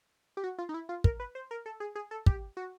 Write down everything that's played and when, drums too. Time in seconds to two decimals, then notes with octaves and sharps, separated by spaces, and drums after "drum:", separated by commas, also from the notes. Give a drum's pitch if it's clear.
0.37 G4
0.44 F#4
0.58 F4
0.69 D#4
0.74 E4
0.89 F4
1.04 A#4, drum: kick
1.20 B4
1.35 C5
1.51 A#4
1.66 A4
1.80 G#4
1.95 G#4
2.11 A4
2.26 G4, drum: kick
2.57 F#4